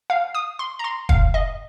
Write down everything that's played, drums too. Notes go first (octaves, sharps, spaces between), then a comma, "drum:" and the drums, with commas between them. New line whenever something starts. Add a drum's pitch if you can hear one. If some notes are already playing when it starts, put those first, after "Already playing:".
F5
D#6
C6
A#5
C6
F5, drum: kick
D#5